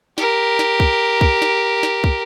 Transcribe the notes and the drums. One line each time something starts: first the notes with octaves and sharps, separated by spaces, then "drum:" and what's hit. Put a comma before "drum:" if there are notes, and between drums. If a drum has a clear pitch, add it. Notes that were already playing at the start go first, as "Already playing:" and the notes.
G4 A#4, drum: snare
drum: snare
drum: kick
drum: kick
drum: snare
drum: snare
drum: kick